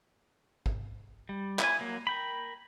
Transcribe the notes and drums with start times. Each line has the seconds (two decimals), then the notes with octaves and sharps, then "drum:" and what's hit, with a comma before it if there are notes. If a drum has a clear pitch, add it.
0.66 drum: kick
1.29 G3
1.59 E4 G#5, drum: clap
1.79 F#3 A#3
2.07 A#4 G5 B5